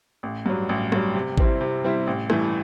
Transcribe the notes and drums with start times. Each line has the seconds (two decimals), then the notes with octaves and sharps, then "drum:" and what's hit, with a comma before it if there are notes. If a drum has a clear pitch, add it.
0.23 A1
0.46 G2 F#3
0.69 A1
0.92 G2 F#3, drum: rim click
1.15 C3
1.38 G3 C4 E4, drum: kick G#1
1.61 C3
1.84 G3 C4 E4
2.07 A1
2.30 G2 E3 A3, drum: rim click